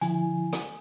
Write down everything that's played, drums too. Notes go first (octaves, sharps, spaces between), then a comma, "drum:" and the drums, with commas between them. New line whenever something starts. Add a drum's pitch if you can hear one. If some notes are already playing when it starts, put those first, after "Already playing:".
D3 F3 E4 G#5, drum: hi-hat
drum: rim click